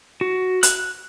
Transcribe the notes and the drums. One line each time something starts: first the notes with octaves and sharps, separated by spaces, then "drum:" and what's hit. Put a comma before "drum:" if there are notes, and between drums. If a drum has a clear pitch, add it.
F#4
F#6, drum: hi-hat